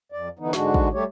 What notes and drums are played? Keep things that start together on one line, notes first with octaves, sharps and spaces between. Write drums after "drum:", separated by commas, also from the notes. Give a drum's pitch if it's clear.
F2 D5
D3 E3 B3 D#4
G#2 D3 G#3 D4 F#4, drum: snare
drum: kick
G3 A3 G4 C#5